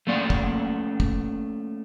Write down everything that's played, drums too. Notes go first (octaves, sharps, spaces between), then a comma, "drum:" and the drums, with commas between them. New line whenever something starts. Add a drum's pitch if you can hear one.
A3 A#3 C#4 D5 F#5
drum: kick
drum: kick